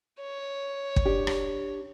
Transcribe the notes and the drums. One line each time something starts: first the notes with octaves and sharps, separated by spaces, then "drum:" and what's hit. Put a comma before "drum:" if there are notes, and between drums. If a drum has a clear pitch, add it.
C#5
drum: kick
D4 G4
drum: rim click